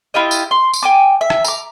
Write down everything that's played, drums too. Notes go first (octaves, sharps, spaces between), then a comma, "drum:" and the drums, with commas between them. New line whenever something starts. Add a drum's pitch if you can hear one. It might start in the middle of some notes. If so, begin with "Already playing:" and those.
E4 F4 G4 D#5
drum: tambourine
C6
drum: tambourine
G5 G#5 D6
E5
drum: rim click
A#5 D6, drum: tambourine